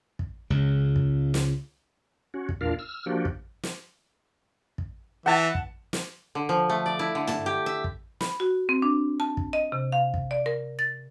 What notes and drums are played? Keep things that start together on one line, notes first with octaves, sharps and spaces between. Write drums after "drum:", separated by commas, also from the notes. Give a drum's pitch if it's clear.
drum: kick
C#2 C#3
drum: kick
drum: snare
C#4 F#4
drum: kick
E2 A#2 D4 F4 A#4 F5
E6 F6
F3 A#3 D4 F#4 G4
drum: kick
drum: snare
drum: kick
E3 F#5 A5
drum: kick
drum: snare
D3
F3
A3
D5
E4
D3
A5, drum: tom
G4
E5
drum: kick
B5, drum: snare
F#4
C4
D4
A5
drum: kick
D#5
C3
F5
drum: kick
D5
A#4
A6